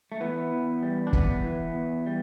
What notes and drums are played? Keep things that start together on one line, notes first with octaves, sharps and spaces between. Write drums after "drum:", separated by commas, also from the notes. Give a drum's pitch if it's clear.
A3
E3 B3
E2
G3
D4
E2 B3, drum: kick
E3
E2
G3